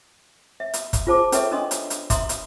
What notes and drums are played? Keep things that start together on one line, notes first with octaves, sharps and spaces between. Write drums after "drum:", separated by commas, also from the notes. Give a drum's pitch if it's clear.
E5
drum: hi-hat
drum: kick, hi-hat
F4 G#4 C5 A5 D6
C#4 A4 B4 C#5 E5 C#6, drum: hi-hat
C#4 D4 D#5 C6 D#6
drum: hi-hat
drum: hi-hat
E5 A#5 C6 D#6, drum: kick, hi-hat
drum: hi-hat